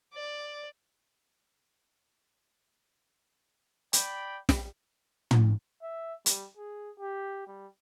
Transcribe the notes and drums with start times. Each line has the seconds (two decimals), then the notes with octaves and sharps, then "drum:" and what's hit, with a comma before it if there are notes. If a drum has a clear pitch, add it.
0.14 D5
3.93 D5 G5 B5, drum: hi-hat
4.49 drum: snare
5.31 drum: tom
5.82 E5
6.26 G3, drum: hi-hat
6.57 G#4
7.00 G4
7.47 G3